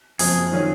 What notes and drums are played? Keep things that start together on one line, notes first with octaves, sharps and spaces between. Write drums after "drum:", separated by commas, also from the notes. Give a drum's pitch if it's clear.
F#1 F#2 F3 G#3 C4 G#4, drum: open hi-hat
D#3 F#3 C#4 F4